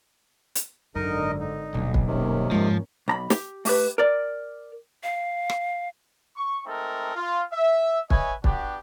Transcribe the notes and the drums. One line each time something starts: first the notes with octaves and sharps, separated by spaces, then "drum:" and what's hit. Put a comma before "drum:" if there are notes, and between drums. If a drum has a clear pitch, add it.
drum: hi-hat
G#1 F#2 D3 D#4 A#4 D#5
D#4
D#1 B1
drum: kick
G2 C3 D#3 A#3 C#4
F2 G#2 F3
B1 A#5 B5
G4, drum: snare
A3 G4 B4, drum: open hi-hat
A#4 D5
F5
drum: rim click
C#6
G#3 A3 C4 D#4 A4 A#4
F4
E5
B4 C#5 D#5 E5 G#5, drum: kick
B3 D4 F#4 G4, drum: kick